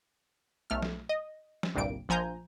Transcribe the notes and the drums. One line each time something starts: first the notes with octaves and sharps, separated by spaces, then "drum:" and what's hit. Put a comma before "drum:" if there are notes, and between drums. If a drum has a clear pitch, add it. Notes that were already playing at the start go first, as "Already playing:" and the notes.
B1 A3 F6
drum: snare
D#5
drum: snare
G1 C2 G2 A#2 G3 D7
A#1 F3 G#5 A#5 G6